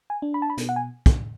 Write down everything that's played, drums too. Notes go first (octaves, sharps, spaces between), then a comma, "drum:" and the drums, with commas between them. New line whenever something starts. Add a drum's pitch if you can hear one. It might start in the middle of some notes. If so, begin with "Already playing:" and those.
G#5
D4
B5
A5
B5
B2, drum: hi-hat
F#5
G#5
drum: kick, hi-hat